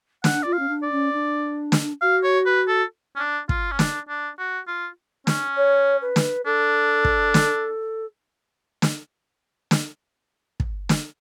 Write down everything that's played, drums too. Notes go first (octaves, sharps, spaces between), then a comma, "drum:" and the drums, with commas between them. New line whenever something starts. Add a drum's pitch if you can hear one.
D4 F#5, drum: snare
F4 D5
F5
C#4
D4
D5
C#4
D4
drum: snare
F#4 F5
C#5
B4
A4
C#4
D4
F4, drum: kick
C#4
D4, drum: snare
D4
F#4
F4
C#4, drum: snare
C#5
B4
drum: snare
D4 A4
drum: kick
drum: snare
drum: snare
drum: snare
drum: kick
drum: snare